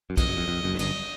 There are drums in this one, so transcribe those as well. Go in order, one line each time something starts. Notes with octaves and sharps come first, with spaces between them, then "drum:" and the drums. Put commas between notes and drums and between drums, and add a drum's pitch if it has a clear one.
F#2
F2 D#5, drum: kick, cymbal
F#1 F#2
F2
F2
F#1 F#2
G#2
G1 G2 D#5, drum: cymbal